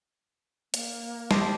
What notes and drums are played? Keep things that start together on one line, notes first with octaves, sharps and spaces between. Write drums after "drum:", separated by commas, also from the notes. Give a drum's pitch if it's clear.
A#3, drum: hi-hat
G4 C5 D#5 A5, drum: snare